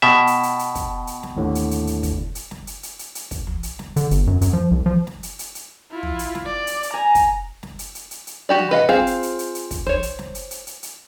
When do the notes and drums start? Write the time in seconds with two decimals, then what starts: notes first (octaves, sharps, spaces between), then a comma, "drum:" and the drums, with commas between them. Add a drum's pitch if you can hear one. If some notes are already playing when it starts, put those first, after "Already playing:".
0.02 B2 E5 G5 A5
0.27 drum: hi-hat
0.43 drum: hi-hat
0.59 drum: hi-hat
0.75 drum: kick, hi-hat
1.07 drum: hi-hat
1.23 drum: snare
1.36 D#2 A2 D3
1.55 drum: hi-hat
1.71 drum: hi-hat
1.87 drum: hi-hat
2.03 drum: kick, hi-hat
2.35 drum: hi-hat
2.51 drum: snare
2.67 drum: hi-hat
2.83 drum: hi-hat
2.99 drum: hi-hat
3.15 drum: hi-hat
3.31 drum: kick, hi-hat
3.47 drum: tom
3.63 drum: hi-hat
3.79 drum: snare
3.96 D3, drum: hi-hat
4.11 G1, drum: hi-hat
4.27 F#2
4.41 F#2, drum: hi-hat
4.53 F3
4.71 C2
4.86 F3
5.07 drum: snare
5.23 drum: hi-hat
5.39 drum: hi-hat
5.55 drum: hi-hat
5.91 E4 F4
6.03 drum: tom
6.19 drum: hi-hat
6.35 drum: snare
6.46 D5
6.67 drum: hi-hat
6.83 drum: hi-hat
6.94 G#5 A#5
7.15 drum: kick, hi-hat
7.63 drum: snare
7.79 drum: hi-hat
7.95 drum: hi-hat
8.11 drum: hi-hat
8.27 drum: hi-hat
8.49 F#4 G4 D5
8.59 drum: tom
8.71 B4 D#5 F5 F#5
8.89 C4 F4 G#4 C5 F5, drum: snare
9.07 drum: hi-hat
9.23 drum: hi-hat
9.39 drum: hi-hat
9.55 drum: hi-hat
9.71 drum: kick, hi-hat
9.87 C5 C#5, drum: tom
10.03 drum: hi-hat
10.19 drum: snare
10.35 drum: hi-hat
10.51 drum: hi-hat
10.67 drum: hi-hat
10.83 drum: hi-hat